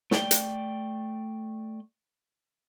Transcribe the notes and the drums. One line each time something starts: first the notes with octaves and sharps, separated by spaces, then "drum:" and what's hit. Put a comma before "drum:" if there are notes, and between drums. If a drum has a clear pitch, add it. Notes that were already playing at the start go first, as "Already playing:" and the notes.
A3 D5 G5, drum: snare
drum: hi-hat